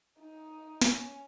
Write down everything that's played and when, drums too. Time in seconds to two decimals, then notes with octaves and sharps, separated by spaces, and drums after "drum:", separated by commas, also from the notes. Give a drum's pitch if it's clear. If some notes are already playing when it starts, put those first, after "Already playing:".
0.19 D#4
0.82 C#4, drum: snare